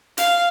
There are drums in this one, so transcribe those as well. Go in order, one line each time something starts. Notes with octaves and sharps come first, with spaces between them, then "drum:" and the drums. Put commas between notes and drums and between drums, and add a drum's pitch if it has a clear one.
F5, drum: hi-hat